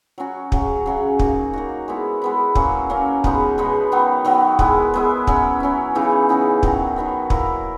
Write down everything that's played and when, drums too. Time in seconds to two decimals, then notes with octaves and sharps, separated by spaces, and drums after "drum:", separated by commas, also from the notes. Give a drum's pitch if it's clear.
0.18 F#3 C#4 F#4
0.52 C#3 F#3 C#4, drum: kick
0.86 C#3 F#3 C#4
1.19 A#3 D#4 F#4, drum: kick
1.53 A#3 D#4 F#4
1.88 G#3 B3 E4
2.22 G#3 B3 E4
2.55 F#3 A#3 C#4, drum: kick
2.90 F#3 A#3 C#4
3.24 B2 G#3 B3 D#4, drum: kick
3.58 B2 G#3 B3 D#4
3.92 D#3 F#3 B3
4.25 D#3 F#3 B3
4.59 G#3 B3 E4, drum: kick
4.94 G#3 B3 E4
5.27 F#3 C#4 E4, drum: kick
5.60 F#3 C#4 E4
5.95 C#3 E3 B3 D#4
6.29 C#3 E3 B3 D#4
6.63 D#3 F#3 B3 F#4, drum: kick
6.96 D#3 F#3 B3 F#4
7.30 F#3 A#3 E4 A#4, drum: kick